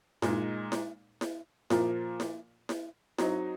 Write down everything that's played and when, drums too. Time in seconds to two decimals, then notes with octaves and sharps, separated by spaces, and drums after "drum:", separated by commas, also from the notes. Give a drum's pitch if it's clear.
0.22 A#2 G#3 D#4, drum: snare E4
0.72 drum: snare E4
1.21 drum: snare E4
1.70 A#2 F3 A#3 F4, drum: snare E4
2.20 drum: snare E4
2.69 drum: snare E4
3.18 F#3 C4 D#4, drum: snare E4